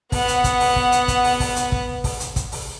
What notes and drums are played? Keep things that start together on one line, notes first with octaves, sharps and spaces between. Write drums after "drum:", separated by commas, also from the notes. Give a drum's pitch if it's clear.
B3 F#5, drum: kick, open hi-hat
drum: hi-hat
drum: kick, hi-hat
drum: open hi-hat
drum: kick
drum: hi-hat
drum: kick, hi-hat
drum: open hi-hat
drum: kick, open hi-hat
drum: hi-hat
drum: kick
drum: kick, open hi-hat
drum: hi-hat
drum: kick, hi-hat
drum: open hi-hat